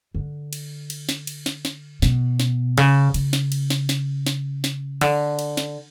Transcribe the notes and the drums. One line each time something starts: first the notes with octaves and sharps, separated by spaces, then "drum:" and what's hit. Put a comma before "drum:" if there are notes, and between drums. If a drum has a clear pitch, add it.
D3
drum: cymbal
drum: cymbal
drum: snare
drum: cymbal
drum: snare
drum: snare
B2, drum: snare
drum: snare
C#3, drum: cymbal
C#3, drum: cymbal
drum: snare
drum: cymbal
drum: snare
drum: snare
drum: snare
drum: snare
D3, drum: cymbal
drum: cymbal
drum: snare